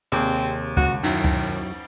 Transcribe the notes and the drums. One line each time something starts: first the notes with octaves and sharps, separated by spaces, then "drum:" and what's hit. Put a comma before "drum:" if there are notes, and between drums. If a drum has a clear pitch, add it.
D#2 C3 C4 G#4 D5
C#2 F#4, drum: kick C#2
F#2 D#3 F#3 E4, drum: cymbal
drum: kick C#2